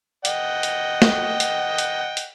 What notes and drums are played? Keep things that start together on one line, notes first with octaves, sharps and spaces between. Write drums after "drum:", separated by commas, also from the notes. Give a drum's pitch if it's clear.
D#5 F#5 G5, drum: hi-hat
drum: hi-hat
drum: snare
drum: hi-hat
drum: hi-hat
drum: hi-hat